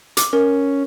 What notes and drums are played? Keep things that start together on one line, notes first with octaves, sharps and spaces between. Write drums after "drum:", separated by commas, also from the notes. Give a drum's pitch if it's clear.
D6, drum: hi-hat
C#4 A#4